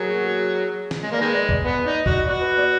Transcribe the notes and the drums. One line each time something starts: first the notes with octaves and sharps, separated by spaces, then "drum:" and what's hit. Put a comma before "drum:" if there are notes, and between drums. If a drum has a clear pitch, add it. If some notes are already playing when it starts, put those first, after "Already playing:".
Already playing: F#3 G#4 A#4
F#4
G#4
drum: snare
G#3
A#3 D5
D#3 G#3 B4
D5
D5, drum: kick
B3 B4
D#4 D5
F#4 D#5, drum: kick
F#4 D5
B4
D5